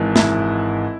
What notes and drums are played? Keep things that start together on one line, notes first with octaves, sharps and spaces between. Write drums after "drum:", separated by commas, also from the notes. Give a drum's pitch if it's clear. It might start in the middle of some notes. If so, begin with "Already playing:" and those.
Already playing: G#1 G#2 E3
E4, drum: snare